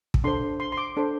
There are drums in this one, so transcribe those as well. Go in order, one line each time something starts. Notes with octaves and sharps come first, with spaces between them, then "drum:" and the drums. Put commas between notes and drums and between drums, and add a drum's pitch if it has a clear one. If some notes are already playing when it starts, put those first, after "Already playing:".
drum: kick
D4 A4 C5 C6
C6
C6
D6
D4 A4 C5